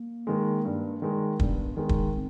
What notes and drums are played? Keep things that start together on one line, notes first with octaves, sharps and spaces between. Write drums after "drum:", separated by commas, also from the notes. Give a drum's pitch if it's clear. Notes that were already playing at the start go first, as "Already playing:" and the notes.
Already playing: A#3
D#3 G#3
G2
D#3 G#3
G2 B3, drum: kick
D#3 G#3
drum: kick
C4